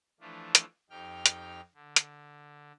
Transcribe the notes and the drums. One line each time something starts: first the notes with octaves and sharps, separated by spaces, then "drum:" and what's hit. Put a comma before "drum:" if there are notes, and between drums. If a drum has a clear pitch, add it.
E3 F3 A3 D4 F4
drum: hi-hat
F2 D#4 G4 G5 F6
drum: hi-hat
D3
drum: hi-hat